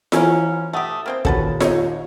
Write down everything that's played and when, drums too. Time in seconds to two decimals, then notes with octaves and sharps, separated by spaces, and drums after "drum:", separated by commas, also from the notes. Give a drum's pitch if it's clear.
0.12 C3 E3 C#4 A#4, drum: snare F4
0.73 A3 G4 F#5 D#6
1.06 A#3 C4 G5
1.25 D#2 A#2 C#4 F#4 A4 B4, drum: kick
1.61 D#4 C#5, drum: snare F4